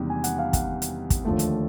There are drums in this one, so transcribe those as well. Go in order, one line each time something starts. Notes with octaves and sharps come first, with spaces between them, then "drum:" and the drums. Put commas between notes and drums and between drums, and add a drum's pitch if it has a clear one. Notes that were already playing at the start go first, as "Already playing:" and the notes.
Already playing: E2 C3 D#3 G3 A#3
G#5
F#5, drum: hi-hat
F5
F#5, drum: kick, hi-hat
drum: hi-hat
drum: kick, hi-hat
D#2 D3 F3 A3
drum: hi-hat